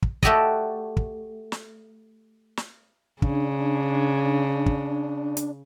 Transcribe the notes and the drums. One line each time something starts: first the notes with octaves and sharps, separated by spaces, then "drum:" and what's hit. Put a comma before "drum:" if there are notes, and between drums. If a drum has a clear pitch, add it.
drum: kick
A3 F#4 G4 A4 D5 D#5, drum: kick
drum: kick
drum: snare
drum: snare
C#3 D4, drum: kick
drum: kick
drum: hi-hat